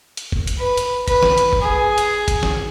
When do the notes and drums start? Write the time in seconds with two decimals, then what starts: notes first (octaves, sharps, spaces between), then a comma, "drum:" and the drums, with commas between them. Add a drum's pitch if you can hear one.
0.17 drum: hi-hat
0.32 drum: kick
0.47 drum: hi-hat
0.59 B4
0.77 drum: hi-hat
1.08 B4, drum: kick, hi-hat
1.23 drum: snare
1.38 drum: hi-hat
1.53 drum: kick
1.62 G#4
1.98 drum: hi-hat
2.28 drum: kick, hi-hat
2.43 drum: snare